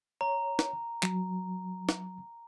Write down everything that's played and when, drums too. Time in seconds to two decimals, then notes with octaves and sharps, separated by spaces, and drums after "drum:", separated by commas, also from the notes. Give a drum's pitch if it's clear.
0.21 C#5 A#5
0.59 drum: snare
1.03 F#3, drum: clap
1.89 drum: snare